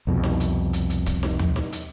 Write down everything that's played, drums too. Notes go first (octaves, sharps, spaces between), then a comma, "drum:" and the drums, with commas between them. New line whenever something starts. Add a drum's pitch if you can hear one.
C2 F2 B2
drum: snare D#4
drum: hi-hat
drum: hi-hat
drum: hi-hat
drum: kick, hi-hat
drum: snare D#4
drum: tom D#2
drum: snare D#4
drum: hi-hat